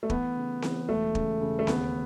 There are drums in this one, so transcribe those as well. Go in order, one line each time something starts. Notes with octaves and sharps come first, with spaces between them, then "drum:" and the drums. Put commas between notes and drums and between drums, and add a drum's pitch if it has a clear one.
A3
E3 B3, drum: kick
C#3
E3, drum: snare C4
E1 A3
C#3, drum: kick
C#3
A3
D#2 B3, drum: snare C4